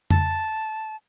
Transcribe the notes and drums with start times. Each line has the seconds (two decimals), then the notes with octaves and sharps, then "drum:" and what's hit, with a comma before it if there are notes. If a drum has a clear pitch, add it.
0.10 A5, drum: tom F2